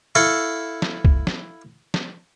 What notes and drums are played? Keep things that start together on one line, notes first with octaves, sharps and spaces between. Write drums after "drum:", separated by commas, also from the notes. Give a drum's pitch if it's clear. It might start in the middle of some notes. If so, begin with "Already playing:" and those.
E4 A4 F5 C#6
drum: snare
drum: kick
drum: snare
drum: snare